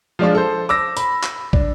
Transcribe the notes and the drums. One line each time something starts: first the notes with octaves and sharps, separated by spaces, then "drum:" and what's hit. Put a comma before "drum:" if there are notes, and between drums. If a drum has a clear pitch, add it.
F3 G#3 D4 F4
A4 C5
D6 E6 A#6
B5, drum: hi-hat
drum: clap
D4, drum: kick